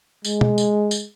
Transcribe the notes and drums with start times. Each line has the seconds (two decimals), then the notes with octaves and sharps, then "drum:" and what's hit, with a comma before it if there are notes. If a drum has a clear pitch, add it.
0.25 G#3, drum: tambourine
0.41 drum: tom
0.58 drum: tambourine
0.91 drum: tambourine